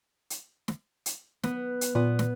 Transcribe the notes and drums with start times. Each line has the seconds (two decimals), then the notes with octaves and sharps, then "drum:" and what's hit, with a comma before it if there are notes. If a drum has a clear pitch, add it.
0.30 drum: hi-hat
0.68 drum: snare
1.06 drum: hi-hat
1.43 B3, drum: snare
1.81 drum: hi-hat
1.95 A#2 B3
2.19 drum: snare